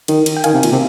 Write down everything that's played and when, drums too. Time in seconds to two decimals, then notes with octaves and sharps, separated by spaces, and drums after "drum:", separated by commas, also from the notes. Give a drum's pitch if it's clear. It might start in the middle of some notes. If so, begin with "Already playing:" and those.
0.08 D#3, drum: cymbal
0.26 drum: cymbal
0.37 G5
0.44 D#3 F5 G#5, drum: cymbal
0.53 C3
0.63 A#2, drum: cymbal
0.72 C3